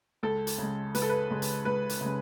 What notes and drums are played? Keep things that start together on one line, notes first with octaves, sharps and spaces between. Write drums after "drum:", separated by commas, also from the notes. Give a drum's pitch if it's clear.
C#2 A4
drum: hi-hat
C#3 G#3
C#2 B4, drum: hi-hat
A4
B4
C#3 G#3
drum: hi-hat
C#2 B4
drum: hi-hat
C#3 G#3